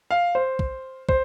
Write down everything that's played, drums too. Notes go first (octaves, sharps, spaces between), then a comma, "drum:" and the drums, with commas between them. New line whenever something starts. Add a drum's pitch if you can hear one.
F5
C5
drum: kick
C5, drum: kick